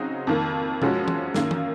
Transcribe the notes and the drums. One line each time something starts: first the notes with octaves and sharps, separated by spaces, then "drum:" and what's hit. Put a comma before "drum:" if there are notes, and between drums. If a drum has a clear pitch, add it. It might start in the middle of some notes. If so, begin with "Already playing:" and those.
Already playing: C#3 F#3 C4 D#4 F#4
F2 D#3 A#3
F#2 F3 G#3 C#4 F#4, drum: tom B2
drum: tom
F#2 D#3 A#3, drum: snare
drum: tom